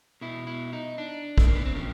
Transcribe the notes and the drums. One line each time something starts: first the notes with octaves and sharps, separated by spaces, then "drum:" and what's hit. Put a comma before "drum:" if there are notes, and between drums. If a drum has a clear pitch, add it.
B2 E4
E4
D#4
D4
A3, drum: kick
A#3
B3
C4
A#2 F3 C#4